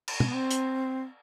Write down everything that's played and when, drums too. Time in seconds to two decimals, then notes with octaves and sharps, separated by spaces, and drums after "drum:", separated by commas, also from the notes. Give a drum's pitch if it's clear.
0.08 drum: cymbal
0.20 C4, drum: tom
0.27 B3
0.34 C4
0.51 drum: hi-hat